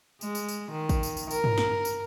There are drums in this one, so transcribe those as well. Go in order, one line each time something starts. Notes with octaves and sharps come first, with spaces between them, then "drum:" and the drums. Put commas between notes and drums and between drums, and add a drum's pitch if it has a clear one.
G#3, drum: tambourine
drum: tambourine
drum: tambourine
D#3
drum: kick, tambourine
drum: tambourine
drum: tambourine
A#4, drum: tambourine
drum: tom
drum: snare
drum: tambourine